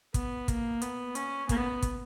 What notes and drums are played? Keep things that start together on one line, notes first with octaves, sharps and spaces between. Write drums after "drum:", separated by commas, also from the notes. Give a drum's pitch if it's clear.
B3, drum: kick, hi-hat
A#3, drum: kick, hi-hat
B3, drum: hi-hat
C#4, drum: hi-hat
B3, drum: kick, hi-hat
drum: kick, hi-hat